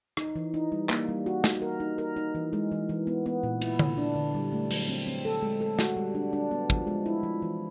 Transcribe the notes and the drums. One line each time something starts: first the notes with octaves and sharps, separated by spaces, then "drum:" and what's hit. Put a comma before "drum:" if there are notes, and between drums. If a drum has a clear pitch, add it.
D#4, drum: rim click
E3
D#4
G3
A#3, drum: clap
G3
F#4
D#4, drum: snare
A#4
D#4
A#4
D#4
E3
G#3
E3
E3
B3
B3
A#2
E4, drum: cymbal
D3, drum: tom D3
D4
D3
G3
A3
F#3, drum: cymbal
C4
C4
A4
G#3
A4
F#4, drum: snare
G3
D4
D4
B3
F3, drum: kick
G#3
E4
F3
E3